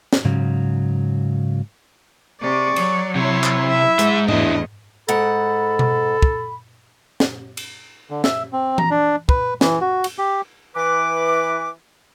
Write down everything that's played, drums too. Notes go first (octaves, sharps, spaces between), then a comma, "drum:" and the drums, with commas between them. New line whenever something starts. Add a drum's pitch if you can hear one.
drum: snare
G#2 C#3 F#3
C3 G#4 D5 C#6
F#3, drum: cymbal
C3 E4 C#5 C6
drum: clap
E5
G#3 C5, drum: hi-hat
E2 A2 D4 E4 D#5, drum: tom G#2
G#2 A4 F#5 B5
drum: tom B2
drum: kick
drum: snare
drum: cymbal
D3
E5, drum: snare
C4
A#5, drum: tom E3
D4
B4, drum: kick
E3, drum: snare
F#4
drum: cymbal
G4
E3 B4 D6